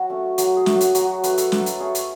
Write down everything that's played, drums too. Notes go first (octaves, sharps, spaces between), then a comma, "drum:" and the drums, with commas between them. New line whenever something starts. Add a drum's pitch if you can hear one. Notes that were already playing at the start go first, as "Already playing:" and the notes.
Already playing: F#3 F#4
A3 C#4
F#3 F#4, drum: hi-hat
G#4
A3, drum: snare
C#4 F#4
drum: hi-hat
F#3 F#4, drum: hi-hat
A3 C#4 B4, drum: hi-hat
A4, drum: hi-hat
F#3 A4, drum: snare
drum: hi-hat
A3 C#4 G#4
drum: hi-hat